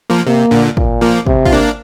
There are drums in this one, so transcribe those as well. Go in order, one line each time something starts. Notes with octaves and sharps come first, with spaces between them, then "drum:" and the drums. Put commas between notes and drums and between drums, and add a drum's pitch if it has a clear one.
F3 A#3
C3 A#3
A#2 D3
A#2, drum: kick
F3 A#3
C3, drum: kick
F4, drum: kick
A#3 D4